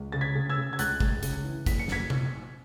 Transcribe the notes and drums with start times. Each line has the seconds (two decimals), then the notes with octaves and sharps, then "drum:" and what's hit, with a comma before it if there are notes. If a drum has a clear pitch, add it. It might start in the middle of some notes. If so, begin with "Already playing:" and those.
Already playing: C#2
0.12 C#3 A6
0.21 G#6 B6
0.35 C#3
0.50 E6 G#6
0.58 C#3
0.73 G#6
0.79 C#2 F#6 A6, drum: hi-hat
1.00 C#2, drum: kick
1.23 C#3, drum: hi-hat
1.44 E3
1.66 F#1 B6, drum: kick, hi-hat
1.79 C#7
1.88 F#1 G#6 B6, drum: snare
2.10 drum: tom C3